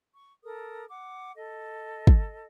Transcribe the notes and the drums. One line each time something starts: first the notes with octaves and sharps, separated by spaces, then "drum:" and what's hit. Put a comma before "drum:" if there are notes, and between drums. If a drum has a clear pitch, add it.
C#6
A4 A#4 D#6
F#5 D6
A4 D#5
drum: kick